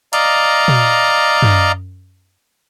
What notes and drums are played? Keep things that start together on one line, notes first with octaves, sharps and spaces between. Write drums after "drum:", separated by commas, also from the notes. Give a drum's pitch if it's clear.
D5 D#5 F5 A#5, drum: hi-hat
drum: tom A#2
drum: tom F#2